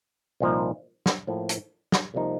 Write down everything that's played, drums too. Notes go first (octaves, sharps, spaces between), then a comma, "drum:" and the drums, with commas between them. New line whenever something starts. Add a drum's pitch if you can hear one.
C2 A#2 F3 A#3 D#4
drum: snare
A2 F3 A#3
drum: hi-hat
drum: snare
C2 C3 F3 A#3 D#4